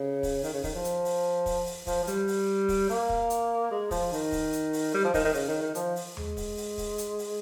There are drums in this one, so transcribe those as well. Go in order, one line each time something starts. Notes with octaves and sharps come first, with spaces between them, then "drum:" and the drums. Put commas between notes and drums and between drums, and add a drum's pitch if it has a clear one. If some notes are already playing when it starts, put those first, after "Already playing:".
Already playing: C#3
drum: kick, open hi-hat
D#3, drum: open hi-hat
C#3
D#3, drum: kick, open hi-hat
F3
drum: hi-hat
drum: open hi-hat
drum: kick, open hi-hat
drum: open hi-hat
F3, drum: kick, open hi-hat
F3
G3, drum: hi-hat
drum: open hi-hat
drum: kick, open hi-hat
A#3, drum: open hi-hat
drum: kick
drum: hi-hat
G#3
F3, drum: kick, open hi-hat
D#3, drum: open hi-hat
drum: kick, open hi-hat
drum: hi-hat
drum: open hi-hat
G3
F3
D#3, drum: kick, open hi-hat
D#3
C#3, drum: open hi-hat
D#3
D#3
F3, drum: hi-hat
drum: open hi-hat
G#3, drum: tom D#2
drum: kick, open hi-hat
drum: open hi-hat
drum: kick, open hi-hat
drum: hi-hat
drum: open hi-hat